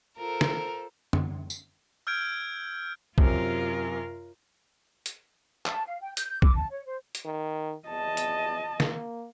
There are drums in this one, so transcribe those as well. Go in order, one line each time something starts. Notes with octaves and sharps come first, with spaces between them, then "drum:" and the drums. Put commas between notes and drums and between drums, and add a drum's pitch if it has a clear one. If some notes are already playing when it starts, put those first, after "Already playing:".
F4 A4 A#4 C5
drum: snare
drum: tom
drum: tambourine
E6 F6 G6 G#6 D7
F#2 C3 F4 A#4, drum: kick
drum: hi-hat
A5, drum: clap
F5
G5
G6, drum: hi-hat
G6
D6, drum: kick
A5
C#5
C5
drum: hi-hat
D#3
E2 D#5 A5
drum: hi-hat
A#3, drum: snare